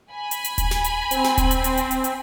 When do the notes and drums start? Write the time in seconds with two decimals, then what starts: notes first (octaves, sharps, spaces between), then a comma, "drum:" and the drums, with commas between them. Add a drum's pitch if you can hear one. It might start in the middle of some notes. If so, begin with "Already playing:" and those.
0.12 G#5 B5
0.31 drum: hi-hat
0.44 drum: hi-hat
0.58 drum: kick D#1, hi-hat
0.71 drum: snare
0.84 drum: hi-hat
1.11 C4, drum: hi-hat
1.24 drum: snare
1.38 drum: kick D#1, hi-hat
1.51 drum: hi-hat
1.64 drum: hi-hat
1.77 drum: hi-hat
1.91 drum: hi-hat
2.04 drum: hi-hat